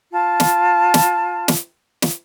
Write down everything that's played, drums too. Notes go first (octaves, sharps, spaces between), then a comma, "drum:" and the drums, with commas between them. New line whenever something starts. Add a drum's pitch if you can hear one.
F4 A5
drum: snare
drum: snare
drum: snare
drum: snare